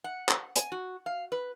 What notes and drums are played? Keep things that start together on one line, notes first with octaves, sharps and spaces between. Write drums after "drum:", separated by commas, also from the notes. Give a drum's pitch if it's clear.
F#5
drum: clap
G#5, drum: hi-hat
F#4
F5
B4